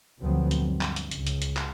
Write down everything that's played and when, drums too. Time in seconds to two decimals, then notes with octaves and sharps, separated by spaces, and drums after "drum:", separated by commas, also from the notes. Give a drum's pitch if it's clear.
0.20 D2 B2 F3 F#3 B3 C4
0.51 drum: hi-hat
0.60 G2
0.81 drum: clap
0.96 drum: hi-hat
1.11 C#2, drum: hi-hat
1.27 drum: hi-hat
1.42 drum: hi-hat
1.57 drum: clap